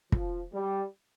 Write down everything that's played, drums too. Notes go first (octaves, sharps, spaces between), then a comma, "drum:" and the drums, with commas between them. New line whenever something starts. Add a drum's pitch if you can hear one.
F3, drum: kick
G3